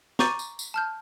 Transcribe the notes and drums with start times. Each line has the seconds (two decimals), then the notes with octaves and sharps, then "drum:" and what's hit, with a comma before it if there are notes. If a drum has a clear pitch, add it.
0.19 A#5 C#6 D6 G6 A6 D#7, drum: snare
0.39 drum: tambourine
0.59 drum: tambourine
0.74 A5 F6 G6